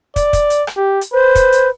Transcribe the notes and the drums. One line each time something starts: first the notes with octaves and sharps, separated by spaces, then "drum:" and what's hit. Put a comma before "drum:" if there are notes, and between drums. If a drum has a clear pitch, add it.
D5, drum: kick, hi-hat
drum: kick, hi-hat
drum: hi-hat
drum: rim click
G4
drum: hi-hat
B4 C5
drum: kick, hi-hat
drum: hi-hat